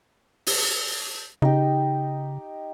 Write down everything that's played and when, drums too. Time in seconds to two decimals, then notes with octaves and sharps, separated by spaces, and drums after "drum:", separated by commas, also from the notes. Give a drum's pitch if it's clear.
0.47 drum: open hi-hat
1.42 C#3 D#4 G4